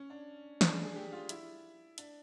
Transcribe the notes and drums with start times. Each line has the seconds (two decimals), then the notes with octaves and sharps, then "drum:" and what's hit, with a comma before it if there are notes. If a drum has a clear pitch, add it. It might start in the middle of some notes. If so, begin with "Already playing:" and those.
Already playing: C#4
0.10 D4
0.61 D4, drum: snare
0.73 G#4
0.85 G#4
0.96 G4
1.12 F4
1.29 E4, drum: hi-hat
1.98 D4, drum: hi-hat